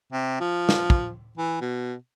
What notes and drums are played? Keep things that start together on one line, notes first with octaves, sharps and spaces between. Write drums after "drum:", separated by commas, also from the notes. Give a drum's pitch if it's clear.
C3
F3
drum: snare
drum: kick
E3
B2